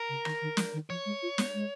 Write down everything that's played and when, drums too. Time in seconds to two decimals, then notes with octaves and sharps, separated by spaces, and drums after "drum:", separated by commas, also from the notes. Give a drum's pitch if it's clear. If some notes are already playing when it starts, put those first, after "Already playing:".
Already playing: A#4
0.09 C#3
0.25 D#3, drum: rim click
0.42 D#3
0.57 F3, drum: snare
0.73 D#3
0.89 F3 C#5
1.06 G#3
1.22 F4
1.38 B3, drum: snare
1.54 G#3